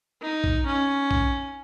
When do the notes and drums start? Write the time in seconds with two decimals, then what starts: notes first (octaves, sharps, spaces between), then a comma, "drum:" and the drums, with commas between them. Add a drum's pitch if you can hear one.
0.21 D#4
0.44 drum: kick
0.66 C#4
1.11 drum: kick